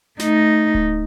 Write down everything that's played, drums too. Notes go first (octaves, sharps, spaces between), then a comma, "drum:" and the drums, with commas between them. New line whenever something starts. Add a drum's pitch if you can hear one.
A3 D#4, drum: snare
drum: kick D1